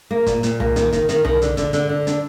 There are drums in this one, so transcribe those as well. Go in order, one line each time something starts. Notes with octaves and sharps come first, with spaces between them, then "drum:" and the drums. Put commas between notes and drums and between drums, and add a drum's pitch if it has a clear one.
A#3
A#2, drum: kick, hi-hat
A#2, drum: hi-hat
A#3, drum: tom C2
D#3, drum: hi-hat
D#3, drum: kick, hi-hat
D#3, drum: hi-hat
D#3, drum: tom C2
D3, drum: hi-hat
D3, drum: kick, hi-hat
D3, drum: hi-hat
D3
D4, drum: hi-hat